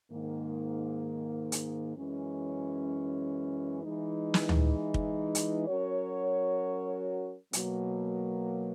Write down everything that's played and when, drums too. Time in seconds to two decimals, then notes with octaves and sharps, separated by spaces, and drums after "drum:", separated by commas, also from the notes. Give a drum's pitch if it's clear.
0.11 G#2 D#3 A#3
1.52 drum: hi-hat
1.96 F#2 E3 G#3 C#4
3.83 E3 G#3 D#4
4.34 drum: snare
4.49 drum: tom D2
4.94 drum: kick
5.35 drum: hi-hat
5.67 F#3 C#4 F#4 A#4 C#5
7.53 B2 F#3 A#3, drum: hi-hat